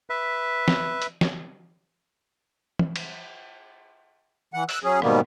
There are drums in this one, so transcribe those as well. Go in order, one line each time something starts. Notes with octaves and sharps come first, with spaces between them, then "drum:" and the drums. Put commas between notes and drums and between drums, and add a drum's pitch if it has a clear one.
B4 E5
drum: snare
drum: hi-hat
drum: snare
drum: tom
drum: cymbal
E3 F#5
E6 F#6, drum: open hi-hat
F#3 C#4 G#4
G#2 B2 D#3 G3 A#3 B3, drum: rim click